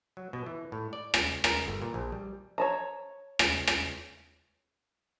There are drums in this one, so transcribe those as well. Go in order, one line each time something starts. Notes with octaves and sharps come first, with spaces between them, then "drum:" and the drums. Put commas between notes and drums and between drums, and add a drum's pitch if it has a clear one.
F#3
B2
E3
A2
D5
drum: rim click
A#4, drum: rim click
G1
A#2
A#1
G3
C#5 A5 A#5
drum: rim click
drum: rim click